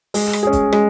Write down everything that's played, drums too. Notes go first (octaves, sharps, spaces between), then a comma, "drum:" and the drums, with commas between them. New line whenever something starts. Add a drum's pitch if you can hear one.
G#3, drum: open hi-hat
drum: rim click
C#4 G#4
drum: kick, hi-hat
G#3, drum: rim click